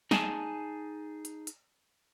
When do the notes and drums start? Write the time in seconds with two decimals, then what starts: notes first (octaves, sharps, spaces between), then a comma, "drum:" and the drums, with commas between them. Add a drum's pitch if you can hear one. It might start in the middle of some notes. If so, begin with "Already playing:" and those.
0.11 D#4 G#4 G#5 A5, drum: snare
1.25 drum: hi-hat
1.47 drum: hi-hat